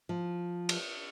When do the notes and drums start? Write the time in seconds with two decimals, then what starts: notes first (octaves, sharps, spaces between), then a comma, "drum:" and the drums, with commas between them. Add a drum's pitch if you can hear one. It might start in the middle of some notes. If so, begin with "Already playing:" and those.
0.09 F3
0.69 drum: cymbal